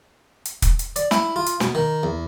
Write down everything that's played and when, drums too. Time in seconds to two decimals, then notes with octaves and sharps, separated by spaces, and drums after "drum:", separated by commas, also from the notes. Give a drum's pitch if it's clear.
0.45 drum: hi-hat
0.62 drum: kick, hi-hat
0.79 drum: hi-hat
0.96 D5, drum: hi-hat
1.11 E4, drum: snare
1.36 F4
1.46 drum: hi-hat
1.60 B2, drum: snare
1.75 D#3
2.03 E2